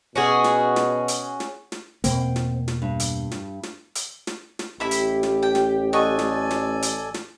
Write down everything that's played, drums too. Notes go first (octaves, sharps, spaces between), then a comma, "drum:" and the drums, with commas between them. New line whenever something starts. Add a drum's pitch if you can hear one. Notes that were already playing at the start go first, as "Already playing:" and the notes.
B2 C#4 F#4 G#4
drum: snare
drum: snare
drum: hi-hat
drum: snare
drum: snare
E2 B2 A#3 C4, drum: hi-hat
drum: snare
drum: snare
G2
drum: hi-hat
drum: snare
drum: snare
drum: hi-hat
drum: snare
drum: snare
A1 E4 G4 E5 B5
drum: hi-hat
drum: snare
G5
drum: snare
A4 D5 D#5 F#5 G#5 C#6
drum: snare
drum: snare
drum: hi-hat
drum: snare